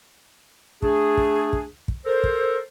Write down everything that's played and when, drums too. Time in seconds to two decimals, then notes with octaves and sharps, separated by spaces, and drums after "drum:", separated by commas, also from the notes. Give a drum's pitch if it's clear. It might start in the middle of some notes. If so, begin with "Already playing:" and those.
0.82 A3 D4 G#4, drum: kick
1.17 drum: kick
1.53 drum: kick
1.88 drum: kick
2.06 A4 A#4 C5
2.24 drum: kick